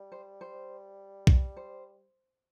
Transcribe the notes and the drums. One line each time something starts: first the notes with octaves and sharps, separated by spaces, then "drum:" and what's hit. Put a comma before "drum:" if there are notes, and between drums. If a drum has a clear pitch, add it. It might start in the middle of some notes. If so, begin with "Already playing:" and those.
Already playing: G3
C5
C5
drum: kick
C5